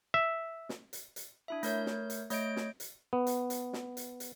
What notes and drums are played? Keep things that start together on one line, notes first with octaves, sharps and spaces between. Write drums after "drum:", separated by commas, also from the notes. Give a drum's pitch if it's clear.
E5
drum: snare
drum: hi-hat
drum: hi-hat
D4 E4 E5
A3 A#4 C#5 G6, drum: hi-hat
drum: snare
drum: hi-hat
A3 C#5 D#5 G6 D7, drum: hi-hat
drum: snare
drum: hi-hat
B3
drum: hi-hat
drum: hi-hat
drum: snare
drum: hi-hat
drum: hi-hat